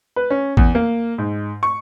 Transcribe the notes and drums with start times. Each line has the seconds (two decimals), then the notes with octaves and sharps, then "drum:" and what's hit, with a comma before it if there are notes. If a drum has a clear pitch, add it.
0.16 B4
0.30 C#4
0.57 E2, drum: kick
0.75 A#3
1.18 G#2
1.63 C#6